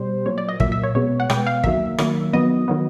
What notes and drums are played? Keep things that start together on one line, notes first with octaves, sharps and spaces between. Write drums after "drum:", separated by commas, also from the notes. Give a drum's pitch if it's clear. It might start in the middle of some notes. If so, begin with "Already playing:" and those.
Already playing: B2 G3 C5
A#2 F#3 A#3 C#5
D5
D#5
A#2 F#3 A#3 E5, drum: kick
E5
C#5
B2 G#3 B3 C#5
F#5
B2 G#3 B3 G5, drum: rim click
F5
D#3 F#3 A#3 E5, drum: kick
D#3 F#3 A#3, drum: rim click
D#3 F#3 B3 D#5
D#3 F#3 B3